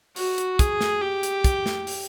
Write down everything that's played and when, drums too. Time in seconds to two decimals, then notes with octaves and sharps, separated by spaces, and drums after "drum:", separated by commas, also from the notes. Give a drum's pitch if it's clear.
0.16 F#4, drum: open hi-hat
0.38 drum: hi-hat
0.59 G#4, drum: kick, hi-hat
0.81 drum: snare
1.02 G4
1.23 drum: hi-hat
1.44 drum: kick, hi-hat
1.66 drum: snare
1.87 drum: open hi-hat